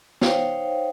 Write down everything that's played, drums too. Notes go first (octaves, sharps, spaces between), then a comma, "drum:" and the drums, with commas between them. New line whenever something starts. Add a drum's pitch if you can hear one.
D#4 C5 C#5 F5 G5, drum: snare